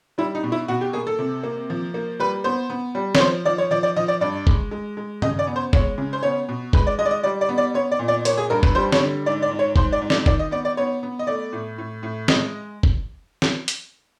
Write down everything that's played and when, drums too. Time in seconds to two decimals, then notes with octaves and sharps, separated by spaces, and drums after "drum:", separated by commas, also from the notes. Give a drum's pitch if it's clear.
0.18 G3 E4
0.35 D#4
0.43 B2
0.52 E4
0.68 B2 F#4
0.81 G4
0.93 A#3 G#4
1.07 A4
1.19 C3
1.43 A#3
1.70 F3
1.94 A#3
2.19 G3 B4
2.44 B3 C5
2.70 B3
2.95 G3
3.15 C#5, drum: snare
3.20 F3 C5
3.45 F3 D5
3.58 C#5
3.71 F3 D5
3.83 D5
3.96 F3 D#5
4.08 D5
4.21 G2 D5
4.47 G#3, drum: kick F#1
4.71 G#3
4.97 G#3
5.22 C#3 D#5, drum: tom G2
5.39 D5
5.47 B3
5.56 C5
5.73 G#3 C#5, drum: kick F#1
5.98 C#3
6.13 C5
6.23 B3 C#5
6.49 B2
6.73 G#3 B4, drum: kick F#1
6.87 D5
6.99 G#3 D#5
7.05 D5
7.11 D#5
7.23 G3 D5
7.41 D5
7.49 B3
7.58 D5
7.74 B3 C#5
7.91 D5
7.99 A#2
8.08 D5
8.25 A#3 C#5, drum: hi-hat
8.38 G#4
8.50 G2 A#4
8.63 B4, drum: kick F#1
8.75 G3 C5
8.92 C#5, drum: snare
9.00 D3
9.26 G#2 D5
9.42 D5
9.51 G#2
9.59 C#5
9.76 G#2 C5, drum: kick F#1
9.92 D5
10.02 G#2
10.10 D5, drum: snare
10.26 D#3 D5, drum: kick F#1
10.39 D#5
10.51 B3 D5
10.65 D5
10.77 B3 C#5
11.03 B3
11.19 D#5
11.27 A3 D5
11.53 A2
11.78 A2
12.03 A2
12.28 G#3 D#5, drum: snare
12.83 drum: kick F#1
13.42 drum: snare
13.68 drum: hi-hat